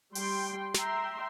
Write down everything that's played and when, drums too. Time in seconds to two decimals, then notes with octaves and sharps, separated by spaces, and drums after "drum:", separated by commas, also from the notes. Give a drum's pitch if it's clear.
0.15 G3 G5 C6, drum: open hi-hat
0.74 E5 G5 A#5 C6, drum: snare